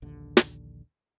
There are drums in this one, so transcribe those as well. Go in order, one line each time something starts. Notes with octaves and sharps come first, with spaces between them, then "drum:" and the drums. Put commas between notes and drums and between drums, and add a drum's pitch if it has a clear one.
A#1 D#2 D3
drum: snare